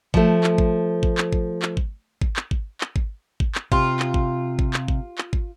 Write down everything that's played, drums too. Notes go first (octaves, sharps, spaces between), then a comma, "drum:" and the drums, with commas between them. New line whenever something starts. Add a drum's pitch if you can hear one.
F3 A3, drum: kick G#1
drum: clap
drum: kick G#1
drum: kick G#1
drum: clap
drum: kick G#1
drum: clap
drum: kick G#1
drum: kick G#1
drum: clap
drum: kick G#1
drum: clap
drum: kick G#1
drum: kick G#1
drum: clap
C3 F4, drum: kick G#1
drum: clap
drum: kick G#1
drum: kick G#1
drum: clap
drum: kick G#1
drum: clap
drum: kick G#1